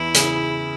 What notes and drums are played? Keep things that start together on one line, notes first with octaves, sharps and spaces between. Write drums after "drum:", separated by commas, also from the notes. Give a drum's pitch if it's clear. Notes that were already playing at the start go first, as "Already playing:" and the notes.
Already playing: E2 E3 E4
C#3, drum: hi-hat